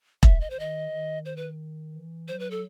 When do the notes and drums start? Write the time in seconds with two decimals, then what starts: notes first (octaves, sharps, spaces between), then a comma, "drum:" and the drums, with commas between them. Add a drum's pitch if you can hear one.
0.23 E5, drum: kick E1
0.41 D#5
0.50 C5
0.57 D#3 D#5
0.91 D#3
1.25 C5
1.37 B4
1.94 E3
2.28 F#3 C5
2.40 B4
2.51 A4